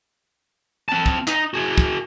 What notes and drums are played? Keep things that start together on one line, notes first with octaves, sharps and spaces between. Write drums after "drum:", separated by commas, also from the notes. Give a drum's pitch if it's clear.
C4 A5
drum: kick
D#4, drum: clap
F#4 G#4
drum: kick